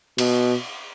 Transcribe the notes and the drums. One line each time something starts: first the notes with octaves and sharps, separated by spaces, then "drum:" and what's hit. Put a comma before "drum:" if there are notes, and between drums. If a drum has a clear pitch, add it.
B2, drum: cymbal